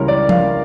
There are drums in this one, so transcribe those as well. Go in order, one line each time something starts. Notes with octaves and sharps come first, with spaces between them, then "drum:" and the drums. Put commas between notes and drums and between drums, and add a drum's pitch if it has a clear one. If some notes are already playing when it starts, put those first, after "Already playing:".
Already playing: C#2 C#3 E3 G3 A#4 C#5
D5
F5, drum: tom F3